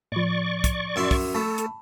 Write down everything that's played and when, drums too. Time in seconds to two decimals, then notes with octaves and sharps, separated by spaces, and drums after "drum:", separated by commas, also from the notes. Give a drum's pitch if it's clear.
0.12 A2 F3 D5 C#6
0.64 drum: kick, hi-hat
0.96 F#2 E4 C6
1.11 drum: kick, open hi-hat
1.34 A3 A4 A5 B5
1.58 drum: hi-hat